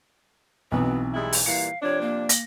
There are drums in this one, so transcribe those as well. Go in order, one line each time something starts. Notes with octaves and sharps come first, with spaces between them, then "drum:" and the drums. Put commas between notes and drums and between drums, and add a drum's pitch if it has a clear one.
B1 B2 E3 B3 C4
G3 G#3 E4
drum: open hi-hat
A#2 E3 G3 F5 C#7
C3 F3 D4 C#5
A#3
A#6, drum: hi-hat